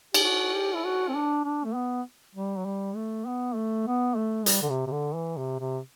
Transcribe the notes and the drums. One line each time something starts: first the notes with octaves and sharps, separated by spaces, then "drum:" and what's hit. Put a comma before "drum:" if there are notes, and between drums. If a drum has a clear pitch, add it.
G4, drum: cymbal
F#4
G4
E4
F#4
C4
D4
D4
A3
B3
G3
F#3
G3
A3
B3
A3
B3
A3
G3, drum: hi-hat
D3
C3
C3
D3
E3
C3
C3